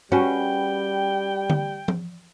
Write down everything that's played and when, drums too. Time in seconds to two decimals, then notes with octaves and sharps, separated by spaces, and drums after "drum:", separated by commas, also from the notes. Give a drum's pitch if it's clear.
0.12 G3 C#4 F#4 G#4 B4 G5
1.50 drum: tom D3
1.88 drum: tom